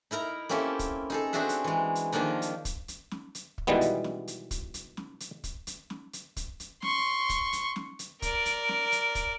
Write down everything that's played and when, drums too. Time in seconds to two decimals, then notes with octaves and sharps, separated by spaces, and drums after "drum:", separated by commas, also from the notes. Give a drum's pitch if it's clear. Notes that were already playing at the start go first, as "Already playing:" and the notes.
0.11 D#4 E4 A#4 A#5
0.49 A#3 C4 C#4 E4 G4 A4
0.79 drum: kick, hi-hat
1.10 D#4 G#4 A4
1.33 C4 D4 F#4 G#4 E5 F#5
1.49 drum: hi-hat
1.64 E3 G#3
1.95 drum: hi-hat
2.12 D#3 F3 A#3 D4 D#4
2.42 drum: hi-hat
2.65 drum: kick, hi-hat
2.88 drum: hi-hat
3.11 drum: snare
3.35 drum: hi-hat
3.58 drum: kick
3.67 B2 D#3 E3 G3 G#3 B3
3.81 drum: hi-hat
4.04 drum: snare
4.28 drum: hi-hat
4.51 drum: kick, hi-hat
4.74 drum: hi-hat
4.97 drum: snare
5.20 drum: hi-hat
5.44 drum: kick, hi-hat
5.67 drum: hi-hat
5.90 drum: snare
6.13 drum: hi-hat
6.36 drum: kick, hi-hat
6.60 drum: hi-hat
6.82 C6 C#6, drum: snare
7.29 drum: kick, hi-hat
7.53 drum: hi-hat
7.76 drum: snare
7.99 drum: hi-hat
8.22 A#4 D5, drum: kick, hi-hat
8.45 drum: hi-hat
8.69 drum: snare
8.92 drum: hi-hat
9.15 drum: kick, hi-hat